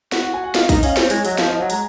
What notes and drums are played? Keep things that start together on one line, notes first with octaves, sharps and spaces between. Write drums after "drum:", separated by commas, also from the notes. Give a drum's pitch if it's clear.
F#4, drum: snare
F#5
G#5
F#5
F4 D#5, drum: snare
D#5
D#4, drum: kick A#1, hi-hat
D#5
C#4 F5, drum: hi-hat
C4 C#5, drum: snare
G#3, drum: hi-hat
C#5
F#3 D#5, drum: hi-hat
F3 F5, drum: snare
F3 D#5
F#3 F#5
G#3 A#5, drum: hi-hat